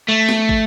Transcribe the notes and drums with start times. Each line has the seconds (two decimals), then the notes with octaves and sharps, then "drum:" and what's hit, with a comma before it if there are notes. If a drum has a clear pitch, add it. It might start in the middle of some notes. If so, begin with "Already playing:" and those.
0.08 A3
0.29 drum: snare
0.49 drum: kick